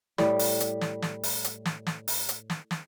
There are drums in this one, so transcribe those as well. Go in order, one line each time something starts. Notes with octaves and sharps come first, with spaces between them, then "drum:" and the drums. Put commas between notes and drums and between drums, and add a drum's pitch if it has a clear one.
A2 G3, drum: snare
drum: open hi-hat
drum: hi-hat
drum: snare
drum: snare
drum: open hi-hat
drum: hi-hat
drum: snare
drum: snare
drum: open hi-hat
drum: hi-hat
drum: snare
drum: snare